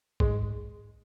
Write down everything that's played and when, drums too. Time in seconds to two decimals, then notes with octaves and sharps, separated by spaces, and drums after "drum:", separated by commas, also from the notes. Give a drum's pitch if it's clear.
0.20 G#2 G#3, drum: kick A1